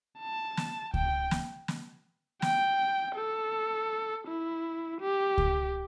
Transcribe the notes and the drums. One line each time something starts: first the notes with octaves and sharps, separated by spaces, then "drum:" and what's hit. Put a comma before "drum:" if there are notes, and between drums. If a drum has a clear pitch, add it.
A5
drum: snare
G5, drum: kick C#2
drum: snare
drum: snare
G5, drum: snare
A4
E4
G4
drum: kick C#2